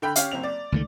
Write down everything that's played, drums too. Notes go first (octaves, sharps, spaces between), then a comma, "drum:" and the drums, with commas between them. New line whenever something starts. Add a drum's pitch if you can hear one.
D3 G5 B5
C#4 G4 F5, drum: hi-hat
F#1 C4 F7
D5
C#2 D#3 A3